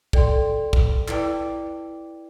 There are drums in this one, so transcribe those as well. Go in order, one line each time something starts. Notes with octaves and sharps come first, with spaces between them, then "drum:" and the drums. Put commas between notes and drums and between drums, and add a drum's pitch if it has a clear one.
A4 D5 G5 C6, drum: kick
drum: kick
E4 B4 D5 G5 D6, drum: clap